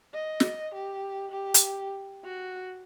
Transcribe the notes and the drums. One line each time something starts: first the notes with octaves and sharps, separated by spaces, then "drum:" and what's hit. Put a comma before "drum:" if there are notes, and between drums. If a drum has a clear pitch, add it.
D#5
drum: snare
G4
G4
drum: hi-hat
F#4